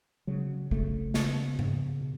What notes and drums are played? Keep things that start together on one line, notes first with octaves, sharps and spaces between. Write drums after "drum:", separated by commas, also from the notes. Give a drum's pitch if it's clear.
C#3 F#3
C#3 A3, drum: kick
C#3 B3, drum: snare
C#3, drum: tom G#2
B2